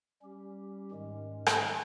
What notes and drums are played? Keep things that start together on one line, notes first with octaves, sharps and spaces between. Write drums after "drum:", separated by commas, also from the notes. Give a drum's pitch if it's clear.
G3 C#4 G4
G#2 D#3 G#3 C#4
drum: rim click